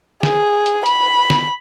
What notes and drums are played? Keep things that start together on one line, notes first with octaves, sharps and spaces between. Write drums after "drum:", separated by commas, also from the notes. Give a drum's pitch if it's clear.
G#4, drum: snare
drum: hi-hat
B5, drum: hi-hat
drum: snare